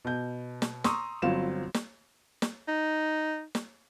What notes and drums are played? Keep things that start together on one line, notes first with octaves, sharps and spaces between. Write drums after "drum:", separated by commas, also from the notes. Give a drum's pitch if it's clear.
B2 G6
drum: snare
A#5 C6 C#6 D#6 E6, drum: snare
G1 F#3 C4 F4 F5 E7
drum: snare
drum: snare
D#4
drum: snare